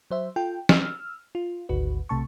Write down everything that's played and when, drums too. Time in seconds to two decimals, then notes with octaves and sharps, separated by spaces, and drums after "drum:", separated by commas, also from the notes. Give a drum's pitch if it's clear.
0.11 F#3 C5 E5
0.36 F4 A4 G5
0.69 E6 F6, drum: snare
1.35 F4
1.69 G#1 D2 F#4 B4
2.09 B1 C3 A3 A5 C#6